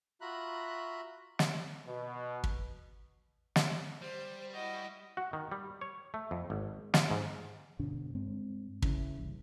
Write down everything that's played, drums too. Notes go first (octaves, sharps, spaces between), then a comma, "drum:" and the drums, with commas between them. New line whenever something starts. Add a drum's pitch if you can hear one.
F4 F#4 E5 A#5 B5 F#6
drum: snare
B2
drum: kick
drum: snare
G3 C5
E4 F#4 D#5
F#4
D#3
G3
C#5
A3
F2
G#1
F4, drum: snare
G#2
G2 B2 D3 D4
G2 G#3 C4
C#3 E3, drum: kick
F#1 C2